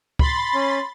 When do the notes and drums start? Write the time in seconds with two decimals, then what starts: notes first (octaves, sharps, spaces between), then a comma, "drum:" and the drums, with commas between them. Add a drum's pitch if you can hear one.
0.19 B5 C6 A6, drum: kick
0.54 C#4